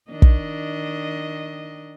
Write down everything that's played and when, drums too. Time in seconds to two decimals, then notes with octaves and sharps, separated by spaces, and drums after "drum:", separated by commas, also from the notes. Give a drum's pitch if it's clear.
0.10 D#3 D4 D#5
0.22 drum: kick